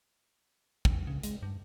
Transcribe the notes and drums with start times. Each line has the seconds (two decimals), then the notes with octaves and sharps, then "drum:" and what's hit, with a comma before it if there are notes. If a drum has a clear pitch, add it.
0.85 E2, drum: kick
1.07 C#3
1.23 G#3, drum: hi-hat
1.43 G2